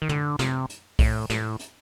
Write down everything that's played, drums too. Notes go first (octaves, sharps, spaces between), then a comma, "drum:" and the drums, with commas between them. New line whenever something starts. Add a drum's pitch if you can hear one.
D#3
D3, drum: tom
C3, drum: snare
drum: hi-hat
A2, drum: kick B1, open hi-hat
A2, drum: snare
drum: hi-hat